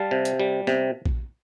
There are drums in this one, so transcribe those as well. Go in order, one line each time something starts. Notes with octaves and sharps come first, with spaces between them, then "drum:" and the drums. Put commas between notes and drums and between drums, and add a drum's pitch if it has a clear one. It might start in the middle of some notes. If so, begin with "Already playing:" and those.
Already playing: G3 F5 A5
C3
drum: hi-hat
G3
C3, drum: snare
drum: kick A#1